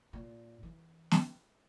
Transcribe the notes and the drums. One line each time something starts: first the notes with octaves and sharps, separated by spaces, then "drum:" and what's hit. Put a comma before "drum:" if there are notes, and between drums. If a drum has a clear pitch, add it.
A#2
E3
drum: snare